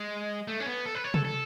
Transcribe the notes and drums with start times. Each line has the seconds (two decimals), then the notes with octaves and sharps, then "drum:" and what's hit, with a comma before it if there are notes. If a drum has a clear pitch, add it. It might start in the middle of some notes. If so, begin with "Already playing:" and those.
Already playing: G#3
0.47 A3
0.60 C#4
0.66 B3
0.86 A4
0.95 B4
1.04 C#5
1.14 A4, drum: tom C3
1.25 A4